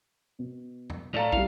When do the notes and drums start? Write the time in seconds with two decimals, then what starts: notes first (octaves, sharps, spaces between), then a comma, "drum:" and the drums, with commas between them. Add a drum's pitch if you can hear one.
0.39 B2
0.90 drum: tom E2
1.14 A2 A4 D5 F5 A#5
1.32 G3 E4 F5, drum: kick